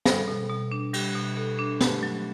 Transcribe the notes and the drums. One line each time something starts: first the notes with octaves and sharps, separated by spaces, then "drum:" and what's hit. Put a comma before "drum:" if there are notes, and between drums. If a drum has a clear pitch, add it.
G3 A4, drum: snare
B2
B2
D4
G3 G4, drum: cymbal
B2
B2 A4
D4
A3 G4 B4, drum: snare
F#3